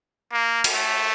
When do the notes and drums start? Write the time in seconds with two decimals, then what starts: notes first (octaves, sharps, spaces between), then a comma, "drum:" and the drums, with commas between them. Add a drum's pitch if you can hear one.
0.32 A#3
0.64 drum: cymbal
0.75 A3